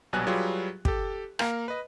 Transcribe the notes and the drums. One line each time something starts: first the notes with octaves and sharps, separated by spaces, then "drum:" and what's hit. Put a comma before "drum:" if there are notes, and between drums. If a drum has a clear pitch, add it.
A#1 B2 F#3 G3 G#5 F#6
F#3 G3 F4 G4 G#4 B4
G4 A4, drum: kick
A#3 A#4 F5, drum: rim click
B4 D#5